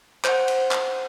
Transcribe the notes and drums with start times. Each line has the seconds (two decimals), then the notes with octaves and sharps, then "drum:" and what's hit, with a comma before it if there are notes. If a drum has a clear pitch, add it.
0.24 C5 F#5, drum: clap
0.48 drum: cymbal
0.71 drum: clap